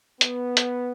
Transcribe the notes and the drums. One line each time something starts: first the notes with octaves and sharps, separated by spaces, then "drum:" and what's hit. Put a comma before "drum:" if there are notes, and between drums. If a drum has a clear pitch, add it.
B3, drum: hi-hat
drum: hi-hat